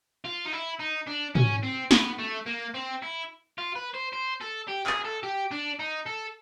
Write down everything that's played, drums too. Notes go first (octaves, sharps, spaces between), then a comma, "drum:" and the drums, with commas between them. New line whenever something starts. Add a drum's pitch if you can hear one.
F4
D#4
E4
D#4
D4
C#4, drum: tom
C4
B3, drum: snare
A3
A#3
C4
E4
F4
B4
C5
C5
A4
G4
G#4, drum: clap
A4
G4
D4
D#4
A4